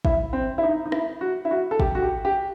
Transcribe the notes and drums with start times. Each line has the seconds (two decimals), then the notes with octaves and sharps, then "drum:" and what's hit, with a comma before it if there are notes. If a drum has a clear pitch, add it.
0.05 E4, drum: kick
0.33 C4
0.58 E4
0.63 D#4
0.85 D#4
0.92 E4, drum: rim click
1.21 F#4
1.45 E4
1.51 F#4
1.71 A4
1.80 G4, drum: kick
1.95 F#4
2.02 G4
2.25 G4